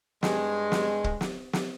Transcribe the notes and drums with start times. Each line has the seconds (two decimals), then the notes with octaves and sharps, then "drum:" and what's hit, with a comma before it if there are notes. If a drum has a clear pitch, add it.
0.23 G2 G#3, drum: snare
0.72 drum: snare
1.04 drum: kick
1.21 drum: snare
1.53 drum: snare